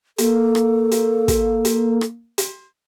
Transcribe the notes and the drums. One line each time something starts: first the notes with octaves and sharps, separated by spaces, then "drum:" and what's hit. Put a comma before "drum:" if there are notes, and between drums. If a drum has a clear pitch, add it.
A#3 A4, drum: hi-hat
drum: rim click
drum: hi-hat
drum: kick, hi-hat
drum: hi-hat
drum: rim click
drum: hi-hat